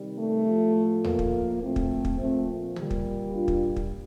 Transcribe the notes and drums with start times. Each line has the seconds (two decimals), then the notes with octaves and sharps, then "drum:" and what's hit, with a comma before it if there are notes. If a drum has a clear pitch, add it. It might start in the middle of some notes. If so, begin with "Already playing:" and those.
Already playing: C3 D#3 G3
0.18 A3
0.47 A2 F3
1.04 A#3, drum: tom D#2
1.19 drum: kick
1.61 A#2 F3 A3 C4
1.76 drum: kick
2.05 drum: kick
2.19 A3 C4
2.76 A#2 G3, drum: tom
2.91 drum: kick
3.33 D4 F4
3.48 drum: kick
3.76 drum: kick